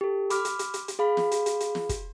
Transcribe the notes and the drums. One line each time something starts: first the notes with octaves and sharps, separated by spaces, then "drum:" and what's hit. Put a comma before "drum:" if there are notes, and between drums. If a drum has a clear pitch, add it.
G4 A4
B5 D6 F6, drum: hi-hat
drum: hi-hat
drum: hi-hat
drum: hi-hat
drum: hi-hat
G#4 F5 B5
drum: snare
drum: hi-hat
drum: hi-hat
drum: hi-hat
drum: snare
drum: kick, hi-hat